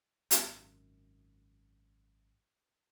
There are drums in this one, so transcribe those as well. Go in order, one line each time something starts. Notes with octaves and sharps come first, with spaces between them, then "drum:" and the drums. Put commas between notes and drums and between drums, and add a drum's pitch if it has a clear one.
G#1 F#2, drum: hi-hat